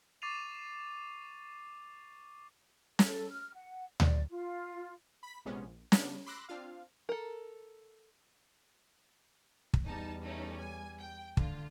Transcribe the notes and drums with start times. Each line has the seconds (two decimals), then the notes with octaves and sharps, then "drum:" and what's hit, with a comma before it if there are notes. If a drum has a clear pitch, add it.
0.22 C#6 D6 A6 C7 D#7 F7
2.99 A4, drum: snare
3.30 F6
3.54 F#5
4.00 D5, drum: tom D2
4.30 F4
5.23 B5 B6
5.45 A#1 C3 G#3 B3 C#4
5.64 A#1
5.92 C#3 G3 B3 D4, drum: snare
6.26 B5 C6 D6 E6 F#6 A#6
6.49 C4 D4 F4 F5
7.09 A4 A#4
9.74 drum: kick
9.85 E2 G3 D#4 A5
10.23 A3 C#4 D#4
10.59 G#5
10.99 G5
11.37 D3 F4, drum: kick